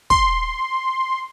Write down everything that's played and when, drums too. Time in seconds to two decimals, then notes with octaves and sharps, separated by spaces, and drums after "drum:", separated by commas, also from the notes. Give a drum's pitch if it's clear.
0.10 C6, drum: kick